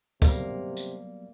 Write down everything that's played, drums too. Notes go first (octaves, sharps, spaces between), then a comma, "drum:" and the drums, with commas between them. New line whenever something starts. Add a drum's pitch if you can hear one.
C3 F#3 G3 A#3 B3, drum: kick, tambourine
drum: tambourine